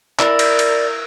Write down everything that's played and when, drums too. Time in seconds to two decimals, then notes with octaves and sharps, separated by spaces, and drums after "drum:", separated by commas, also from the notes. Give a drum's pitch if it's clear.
0.19 E4 A#4 D5, drum: clap
0.39 drum: cymbal
0.59 drum: cymbal